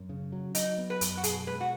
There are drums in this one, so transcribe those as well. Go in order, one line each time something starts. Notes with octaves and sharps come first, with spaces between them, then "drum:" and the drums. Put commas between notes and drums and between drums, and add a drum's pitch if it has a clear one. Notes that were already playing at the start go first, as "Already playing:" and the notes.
Already playing: F#2
C#3
F#3
F#3 D#4, drum: hi-hat
B3
B4
F#2, drum: hi-hat
F#4
B2 G#4, drum: hi-hat
G#3 B4
F#4